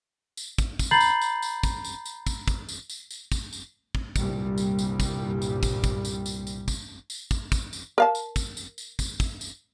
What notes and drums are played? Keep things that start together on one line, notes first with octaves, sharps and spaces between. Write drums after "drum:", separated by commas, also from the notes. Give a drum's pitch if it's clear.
drum: tambourine
drum: kick, tambourine
drum: kick, tambourine
A#5 B5 G6 A6 C7 F#7
drum: tambourine
drum: tambourine
drum: tambourine
drum: kick, tambourine
drum: tambourine
drum: tambourine
drum: kick, tambourine
drum: kick, tambourine
drum: tambourine
drum: tambourine
drum: tambourine
drum: kick, tambourine
drum: tambourine
drum: kick
C2 G2 A#2 G3, drum: kick, tambourine
drum: tambourine
drum: tambourine
drum: kick, tambourine
drum: tambourine
drum: kick, tambourine
drum: kick, tambourine
drum: tambourine
drum: tambourine
drum: tambourine
drum: kick, tambourine
drum: tambourine
drum: kick, tambourine
drum: kick, tambourine
drum: tambourine
A#4 F5 A5
drum: tambourine
drum: kick, tambourine
drum: tambourine
drum: tambourine
drum: kick, tambourine
drum: kick, tambourine
drum: tambourine